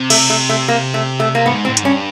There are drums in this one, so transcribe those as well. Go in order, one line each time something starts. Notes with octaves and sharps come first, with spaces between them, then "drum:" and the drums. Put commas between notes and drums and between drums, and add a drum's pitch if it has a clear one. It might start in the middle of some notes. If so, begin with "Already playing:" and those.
Already playing: C3
A3, drum: cymbal
A3
A3
A#3
A3
A3
A#3
G#2 B3
C4
A2
G#2, drum: hi-hat
G2 C#4